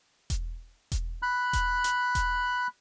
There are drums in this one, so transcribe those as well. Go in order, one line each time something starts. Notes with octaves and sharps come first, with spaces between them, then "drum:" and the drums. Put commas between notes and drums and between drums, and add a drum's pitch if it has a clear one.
drum: kick E1, hi-hat
drum: kick E1, hi-hat
B5 F#6
drum: kick E1, hi-hat
drum: hi-hat
drum: kick E1, hi-hat